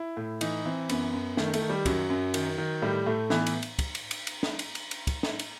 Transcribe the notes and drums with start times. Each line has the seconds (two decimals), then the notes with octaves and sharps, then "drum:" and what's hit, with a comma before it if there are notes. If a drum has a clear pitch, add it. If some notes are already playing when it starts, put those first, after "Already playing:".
Already playing: E4
0.17 A2
0.41 E3 D#4, drum: cymbal
0.65 E3 C4
0.89 F#2 B3, drum: cymbal
1.13 F#2
1.37 D#3 A3, drum: snare
1.53 A3, drum: cymbal
1.62 D#3
1.70 G3
1.86 F#2 F#3, drum: kick, cymbal
2.10 F#2
2.34 D#3, drum: cymbal
2.58 D#3
2.82 A2 G3
3.06 A2 A3
3.30 E3 B3, drum: snare
3.46 drum: cymbal
3.63 drum: cymbal
3.79 drum: kick, cymbal
3.95 drum: cymbal
4.11 drum: cymbal
4.27 drum: cymbal
4.43 drum: snare
4.59 drum: cymbal
4.75 drum: cymbal
4.91 drum: cymbal
5.07 drum: kick, cymbal
5.23 drum: snare
5.39 drum: cymbal